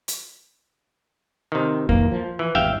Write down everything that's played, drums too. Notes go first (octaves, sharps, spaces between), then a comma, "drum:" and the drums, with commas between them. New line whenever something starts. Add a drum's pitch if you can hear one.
drum: hi-hat
C3 D#3
D#2 A#2 E3 A#3, drum: kick F2
F3
E3
G#1 E2 G2 E5 F5 G5